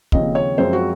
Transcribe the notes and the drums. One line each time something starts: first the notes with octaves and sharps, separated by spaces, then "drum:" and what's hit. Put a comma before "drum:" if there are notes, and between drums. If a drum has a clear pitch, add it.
D#2 C#3 F3 C4 D#5, drum: kick
C#5
F#2 F3 G#3 C4 C5
F#4